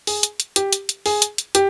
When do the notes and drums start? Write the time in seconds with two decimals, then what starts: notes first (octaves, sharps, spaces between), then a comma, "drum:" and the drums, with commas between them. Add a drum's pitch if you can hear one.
0.07 G#4, drum: open hi-hat
0.23 drum: hi-hat
0.40 drum: hi-hat
0.56 G4, drum: hi-hat
0.73 drum: hi-hat
0.89 drum: hi-hat
1.06 G#4, drum: open hi-hat
1.22 drum: hi-hat
1.38 drum: hi-hat
1.55 G4, drum: hi-hat